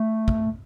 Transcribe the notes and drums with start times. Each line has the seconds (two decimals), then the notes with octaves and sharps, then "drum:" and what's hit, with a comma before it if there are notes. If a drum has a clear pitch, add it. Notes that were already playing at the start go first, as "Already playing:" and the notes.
Already playing: A3
0.28 drum: kick